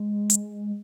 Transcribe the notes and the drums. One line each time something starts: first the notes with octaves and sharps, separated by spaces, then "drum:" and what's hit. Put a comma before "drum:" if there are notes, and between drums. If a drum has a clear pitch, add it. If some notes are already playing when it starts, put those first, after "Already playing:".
Already playing: G#3
drum: hi-hat